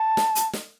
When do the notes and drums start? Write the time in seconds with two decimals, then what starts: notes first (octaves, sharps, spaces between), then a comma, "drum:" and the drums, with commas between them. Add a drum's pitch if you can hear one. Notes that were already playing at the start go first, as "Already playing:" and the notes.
Already playing: A5
0.17 drum: snare
0.35 drum: hi-hat
0.53 drum: snare